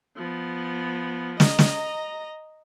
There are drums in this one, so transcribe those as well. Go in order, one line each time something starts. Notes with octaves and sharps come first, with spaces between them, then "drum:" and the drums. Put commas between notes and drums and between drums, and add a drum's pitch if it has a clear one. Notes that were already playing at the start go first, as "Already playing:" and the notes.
F3 B3
D#5 A#5, drum: snare
drum: snare